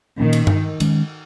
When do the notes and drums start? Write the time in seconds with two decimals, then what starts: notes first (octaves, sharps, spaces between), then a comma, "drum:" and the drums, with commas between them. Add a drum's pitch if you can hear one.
0.20 A#2 D#3 A#3 C#4
0.33 drum: cymbal
0.47 drum: tom G2
0.80 D#3 G#3 C#4, drum: cymbal